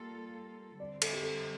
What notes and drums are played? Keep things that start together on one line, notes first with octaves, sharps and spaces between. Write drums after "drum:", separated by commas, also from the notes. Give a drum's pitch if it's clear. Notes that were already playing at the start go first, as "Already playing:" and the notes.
Already playing: G3 A#3 F4 A4
D3 G3 C4 D5
A4, drum: cymbal
G4
A4